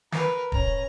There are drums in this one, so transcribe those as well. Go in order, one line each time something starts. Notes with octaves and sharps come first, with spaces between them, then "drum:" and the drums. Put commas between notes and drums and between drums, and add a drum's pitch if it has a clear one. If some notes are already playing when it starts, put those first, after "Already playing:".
A#4 B4, drum: snare
C#4 A#5, drum: kick